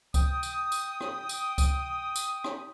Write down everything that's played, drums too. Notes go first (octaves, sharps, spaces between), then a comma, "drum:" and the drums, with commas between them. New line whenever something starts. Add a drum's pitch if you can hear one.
G5 D#6, drum: kick C#2, tambourine
drum: tambourine
drum: tambourine
drum: rim click
drum: tambourine
drum: kick C#2, tambourine
drum: tambourine
drum: rim click